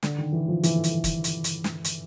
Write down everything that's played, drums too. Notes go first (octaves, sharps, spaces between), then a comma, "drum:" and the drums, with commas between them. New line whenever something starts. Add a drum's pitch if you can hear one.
D3, drum: snare
D#3
E3
F3
E3, drum: hi-hat
drum: hi-hat
drum: kick, hi-hat
drum: hi-hat
drum: hi-hat
drum: snare
drum: hi-hat